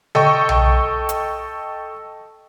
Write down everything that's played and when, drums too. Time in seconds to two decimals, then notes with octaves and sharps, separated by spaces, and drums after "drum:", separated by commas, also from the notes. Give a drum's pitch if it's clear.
0.15 A4 D#5 G5 C#6, drum: tom C#3
0.49 drum: tom B1
1.09 drum: hi-hat